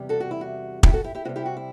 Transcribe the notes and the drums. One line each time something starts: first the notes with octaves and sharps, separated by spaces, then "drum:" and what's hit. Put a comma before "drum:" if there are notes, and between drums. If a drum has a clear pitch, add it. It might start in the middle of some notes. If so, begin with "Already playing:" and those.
Already playing: E2 C3 G3
F#4 A4
F#4
E4
F#4
E4 G4, drum: kick
F#4 A4
E4 G4
E4 G4
C3 G3 B3 F#4
E4 G4
F#4
E4